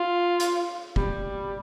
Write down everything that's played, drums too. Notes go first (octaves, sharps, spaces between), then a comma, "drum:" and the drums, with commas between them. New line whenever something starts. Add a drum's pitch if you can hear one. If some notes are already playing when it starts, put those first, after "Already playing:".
Already playing: F4
drum: hi-hat
G3, drum: kick